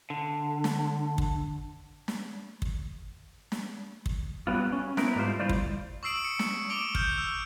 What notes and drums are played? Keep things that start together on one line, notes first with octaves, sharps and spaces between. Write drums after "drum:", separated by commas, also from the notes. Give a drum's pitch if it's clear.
D3
drum: snare
drum: kick
drum: snare
drum: kick
drum: snare
drum: kick
F#3 G3 B3 F4
C#4
B3 C4 E4 A#4, drum: snare
G#2 G3 A3 F4 C5
G3 E4 F4 C5 D5
drum: kick
C#6 D#6 E6 C7 D7 F#7
C#7
drum: snare
C#6 D6 D7 G7
F6 G6, drum: kick
E6